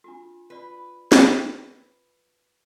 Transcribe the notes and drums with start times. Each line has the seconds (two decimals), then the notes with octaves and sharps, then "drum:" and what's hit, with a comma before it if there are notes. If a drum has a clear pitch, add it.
0.04 D4 F4 F#4
0.50 F4 F#4 B4 D5
1.12 drum: snare C4